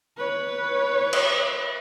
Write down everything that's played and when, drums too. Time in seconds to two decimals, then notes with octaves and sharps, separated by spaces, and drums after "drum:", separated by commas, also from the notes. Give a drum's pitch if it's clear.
0.18 B4 C#5
1.13 drum: cymbal